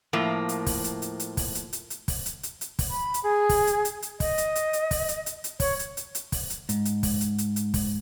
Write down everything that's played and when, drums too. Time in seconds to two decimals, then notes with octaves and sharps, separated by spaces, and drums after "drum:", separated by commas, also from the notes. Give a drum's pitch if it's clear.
0.13 A2 F3 A#3
0.49 drum: hi-hat
0.66 drum: kick, open hi-hat
0.84 drum: hi-hat
1.02 drum: hi-hat
1.20 drum: hi-hat
1.37 drum: kick, open hi-hat
1.55 drum: hi-hat
1.73 drum: hi-hat
1.90 drum: hi-hat
2.08 drum: kick, open hi-hat
2.26 drum: hi-hat
2.43 drum: hi-hat
2.61 drum: hi-hat
2.79 drum: kick, open hi-hat
2.90 B5
3.14 drum: hi-hat
3.24 G#4
3.49 drum: kick, open hi-hat
3.67 drum: hi-hat
3.85 drum: hi-hat
4.02 drum: hi-hat
4.20 D#5, drum: kick, open hi-hat
4.38 drum: hi-hat
4.55 drum: hi-hat
4.73 drum: hi-hat
4.91 drum: kick, open hi-hat
5.09 drum: hi-hat
5.26 drum: hi-hat
5.44 drum: hi-hat
5.60 C#5, drum: kick, open hi-hat
5.79 drum: hi-hat
5.97 drum: hi-hat
6.15 drum: hi-hat
6.32 drum: kick, open hi-hat
6.50 drum: hi-hat
6.69 G#2, drum: hi-hat
6.85 drum: hi-hat
7.03 drum: kick, open hi-hat
7.21 drum: hi-hat
7.38 drum: hi-hat
7.56 drum: hi-hat
7.74 drum: kick, open hi-hat